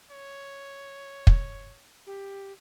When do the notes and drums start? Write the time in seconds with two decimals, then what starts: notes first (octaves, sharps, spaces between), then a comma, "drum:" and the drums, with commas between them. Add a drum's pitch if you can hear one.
0.12 C#5
1.27 drum: kick
2.07 G4